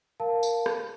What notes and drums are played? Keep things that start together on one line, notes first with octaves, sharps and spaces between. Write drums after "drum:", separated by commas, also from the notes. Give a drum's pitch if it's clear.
A#4 F5 A5
drum: tambourine
drum: rim click